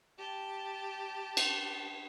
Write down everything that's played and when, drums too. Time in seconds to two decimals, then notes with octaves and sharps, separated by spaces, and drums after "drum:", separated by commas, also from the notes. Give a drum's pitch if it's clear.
0.19 G4 A5
1.37 drum: cymbal